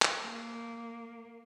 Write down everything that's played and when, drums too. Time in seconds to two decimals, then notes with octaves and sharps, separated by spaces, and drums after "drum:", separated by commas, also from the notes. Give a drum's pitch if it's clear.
0.02 drum: clap
0.24 A#3